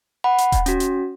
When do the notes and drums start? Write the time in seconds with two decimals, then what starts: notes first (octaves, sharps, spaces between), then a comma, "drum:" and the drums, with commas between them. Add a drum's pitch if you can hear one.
0.24 F#5 B5
0.38 drum: hi-hat
0.52 drum: kick D#1, hi-hat
0.66 C#4 F#4, drum: hi-hat
0.80 drum: hi-hat